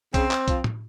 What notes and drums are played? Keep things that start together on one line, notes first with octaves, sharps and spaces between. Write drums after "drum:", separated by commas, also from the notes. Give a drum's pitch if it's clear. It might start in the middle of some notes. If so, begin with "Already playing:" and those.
C#3 C4, drum: kick B1, hi-hat
drum: clap
F3, drum: kick B1, hi-hat
drum: tom A2